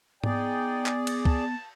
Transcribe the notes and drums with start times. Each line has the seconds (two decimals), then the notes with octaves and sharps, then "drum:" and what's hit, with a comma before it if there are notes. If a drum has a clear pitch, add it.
0.24 B3 D#4 G#4 D5 G5, drum: tom G#2
0.86 drum: clap
1.07 drum: cymbal
1.25 A5, drum: kick C#2